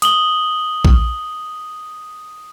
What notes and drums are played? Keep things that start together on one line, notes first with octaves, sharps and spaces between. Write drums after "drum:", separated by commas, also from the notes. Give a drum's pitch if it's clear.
D#6 F#7 G7, drum: hi-hat
drum: kick A#1